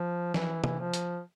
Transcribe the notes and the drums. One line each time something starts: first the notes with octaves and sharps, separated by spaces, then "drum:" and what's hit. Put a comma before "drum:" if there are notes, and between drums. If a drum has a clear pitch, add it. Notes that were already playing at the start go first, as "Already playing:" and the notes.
Already playing: F3
E3, drum: snare F3
E3, drum: tom
F3
drum: hi-hat